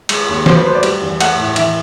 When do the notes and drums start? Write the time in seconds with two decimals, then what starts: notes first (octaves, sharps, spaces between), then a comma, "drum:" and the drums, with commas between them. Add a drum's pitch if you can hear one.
0.09 G#3, drum: cymbal
0.29 D#2
0.46 F#3 C5, drum: snare
0.55 B4
0.65 A3 C5
0.75 D5
0.83 G3, drum: cymbal
1.02 E2
1.20 A3 F#5, drum: cymbal
1.38 A2
1.56 E3 E5, drum: cymbal